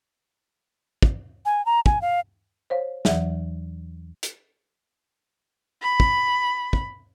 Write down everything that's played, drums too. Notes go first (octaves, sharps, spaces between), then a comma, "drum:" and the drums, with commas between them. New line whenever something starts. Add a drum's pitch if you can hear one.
drum: kick
G#5
A#5
G#5, drum: kick
F5
C5 C#5 F5
E2 E3 F#3 E5, drum: snare
drum: hi-hat
B5
drum: kick
drum: kick